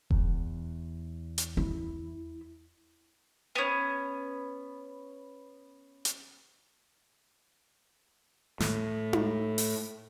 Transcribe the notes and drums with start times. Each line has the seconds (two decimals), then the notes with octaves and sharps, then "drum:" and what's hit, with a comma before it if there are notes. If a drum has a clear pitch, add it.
0.11 E2, drum: kick E1
1.38 drum: hi-hat
1.57 E4
3.55 B3 C#4
6.05 drum: hi-hat
8.60 A2, drum: snare
9.13 drum: tom D#4
9.58 drum: open hi-hat